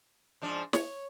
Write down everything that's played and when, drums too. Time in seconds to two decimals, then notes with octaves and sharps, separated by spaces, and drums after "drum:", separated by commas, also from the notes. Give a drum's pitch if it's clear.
0.42 G#2 F3 D4
0.73 C#5, drum: snare